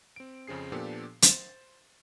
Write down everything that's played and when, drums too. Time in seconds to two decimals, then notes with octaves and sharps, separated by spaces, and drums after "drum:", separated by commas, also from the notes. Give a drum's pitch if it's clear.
0.16 C4 D7
0.48 F2 C#3 C4 G#4 C7
0.72 A#2 F3 B3 D4 G4 A4
1.22 C5 A6, drum: hi-hat